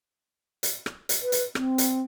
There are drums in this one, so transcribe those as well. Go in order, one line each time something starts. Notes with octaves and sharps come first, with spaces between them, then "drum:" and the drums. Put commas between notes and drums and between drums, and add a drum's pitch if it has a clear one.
drum: hi-hat
drum: rim click
drum: hi-hat
B4
drum: hi-hat
C4, drum: rim click
drum: hi-hat